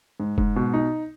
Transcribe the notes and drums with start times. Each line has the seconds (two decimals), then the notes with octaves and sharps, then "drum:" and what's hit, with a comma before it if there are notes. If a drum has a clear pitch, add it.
0.20 G#2
0.38 G#2, drum: kick F1
0.56 B2
0.74 D#4